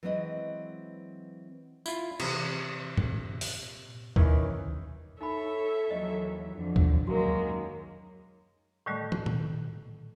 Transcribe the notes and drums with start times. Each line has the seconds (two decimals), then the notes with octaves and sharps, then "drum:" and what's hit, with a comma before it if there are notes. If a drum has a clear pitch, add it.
0.03 E3 F#3 G#3 C4 B4 D#5
1.86 E4 F4, drum: tambourine
2.20 C3 E3 C4, drum: cymbal
2.97 A#2, drum: tom G2
3.41 drum: open hi-hat
4.16 F2 D#3 E3 C#4, drum: kick D2
5.21 D#4 A4 C#5 E5 B5
5.90 D#2 E3 F#3 D#5
6.55 F2 D3
6.76 drum: kick D2
7.07 F#2 D#3 F#3 G#3 A#3 F#4 A#4
8.86 A2 D3 D#3 G3 A3
9.12 drum: tom
9.26 drum: tom A#2